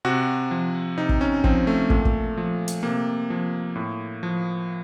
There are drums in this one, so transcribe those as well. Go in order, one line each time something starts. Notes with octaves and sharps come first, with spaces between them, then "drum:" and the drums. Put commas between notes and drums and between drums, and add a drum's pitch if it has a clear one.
C3 F#4
F3
C3 D#4
drum: kick
C#4
F3 C4, drum: kick
A3
A#2 A3, drum: kick
drum: kick
F3
drum: hi-hat
C3 A#3
F3
A2
F3